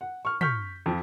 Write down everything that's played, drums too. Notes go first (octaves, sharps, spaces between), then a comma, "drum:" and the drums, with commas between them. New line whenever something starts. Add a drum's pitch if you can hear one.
F#5
C#6 F6
C#6 F6 G6 B6, drum: tom
F2 F3